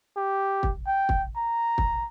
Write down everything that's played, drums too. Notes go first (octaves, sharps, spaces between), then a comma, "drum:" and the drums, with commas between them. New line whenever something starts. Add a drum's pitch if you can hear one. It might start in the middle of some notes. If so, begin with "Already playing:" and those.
G4
drum: kick
G5
drum: kick
A#5
drum: kick